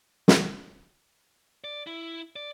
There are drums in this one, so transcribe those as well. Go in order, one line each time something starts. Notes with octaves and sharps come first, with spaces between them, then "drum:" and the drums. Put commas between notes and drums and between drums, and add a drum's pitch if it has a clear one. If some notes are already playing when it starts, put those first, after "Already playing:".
drum: snare
D5
E4
D5